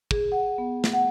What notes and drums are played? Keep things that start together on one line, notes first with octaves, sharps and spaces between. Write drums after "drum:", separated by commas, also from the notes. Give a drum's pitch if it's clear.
G#4, drum: kick
F#5
B3
drum: snare
F#5